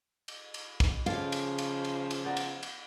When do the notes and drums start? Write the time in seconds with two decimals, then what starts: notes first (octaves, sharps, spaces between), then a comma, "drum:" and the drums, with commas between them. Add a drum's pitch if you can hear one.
0.28 drum: cymbal
0.54 drum: cymbal
0.80 drum: kick, cymbal
1.06 C#3 F3 A4 F5 G#5 A5, drum: cymbal
1.32 drum: cymbal
1.58 drum: cymbal
1.84 drum: cymbal
2.11 drum: cymbal
2.25 B3 D5 A#5
2.37 drum: cymbal
2.63 drum: cymbal